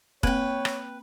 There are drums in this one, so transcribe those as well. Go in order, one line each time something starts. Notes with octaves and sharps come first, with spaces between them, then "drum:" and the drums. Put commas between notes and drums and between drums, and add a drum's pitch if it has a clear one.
A#3 C4 B4 C#5 G5, drum: kick
drum: rim click